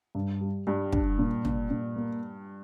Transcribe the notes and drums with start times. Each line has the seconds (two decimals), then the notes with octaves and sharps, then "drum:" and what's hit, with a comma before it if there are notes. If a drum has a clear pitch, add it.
0.15 G2
0.41 G3
0.67 G2 G3
0.92 D4, drum: kick
1.19 A#2
1.45 A#2, drum: tom
1.71 A#2
1.96 A#3